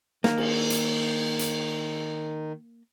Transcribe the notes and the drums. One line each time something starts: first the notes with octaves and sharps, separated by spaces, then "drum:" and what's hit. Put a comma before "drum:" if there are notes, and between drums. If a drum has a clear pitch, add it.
D#3 A#3, drum: snare
drum: cymbal
drum: hi-hat
drum: hi-hat